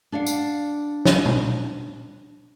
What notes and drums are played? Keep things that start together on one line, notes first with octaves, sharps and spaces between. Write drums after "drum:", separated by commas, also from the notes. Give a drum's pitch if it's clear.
D4 D5 F5 F#5
drum: tambourine
drum: snare
drum: tom A#2